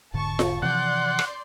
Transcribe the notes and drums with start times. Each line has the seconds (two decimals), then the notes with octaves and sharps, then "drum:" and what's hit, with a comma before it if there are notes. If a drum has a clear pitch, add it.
0.14 E1 G#2 D3 A5 C#6
0.39 drum: snare F4
0.62 C3 E3 F3 D5 F#5 C6 G6
1.19 drum: rim click